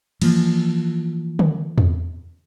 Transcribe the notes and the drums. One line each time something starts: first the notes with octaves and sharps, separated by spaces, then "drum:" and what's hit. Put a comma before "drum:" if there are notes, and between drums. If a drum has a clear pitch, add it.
E3 F3 A#3, drum: cymbal
drum: tom D3
drum: tom E2